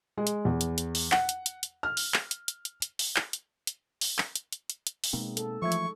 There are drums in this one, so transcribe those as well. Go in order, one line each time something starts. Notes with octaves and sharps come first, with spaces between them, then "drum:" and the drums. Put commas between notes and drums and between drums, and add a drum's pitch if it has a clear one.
G#3
drum: hi-hat
E2
drum: hi-hat
drum: hi-hat
drum: open hi-hat
F#5, drum: clap
drum: hi-hat
drum: hi-hat
drum: hi-hat
F6
drum: open hi-hat
drum: clap
drum: hi-hat
drum: hi-hat
drum: hi-hat
drum: hi-hat
drum: open hi-hat
drum: clap
drum: hi-hat
drum: hi-hat
drum: open hi-hat
drum: clap
drum: hi-hat
drum: hi-hat
drum: hi-hat
drum: hi-hat
drum: open hi-hat
B2 G#3 A#3 C4 D#4
A4, drum: hi-hat
E3 F3 A3 E5 C#6 G#6
drum: hi-hat